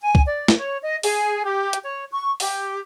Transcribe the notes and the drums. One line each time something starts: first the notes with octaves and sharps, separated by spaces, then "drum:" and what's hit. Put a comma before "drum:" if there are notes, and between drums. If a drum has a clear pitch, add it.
G#5
drum: kick C2
D5
drum: snare
C#5
D#5
G#4, drum: open hi-hat
G4
drum: hi-hat
C#5
C#6
G4, drum: open hi-hat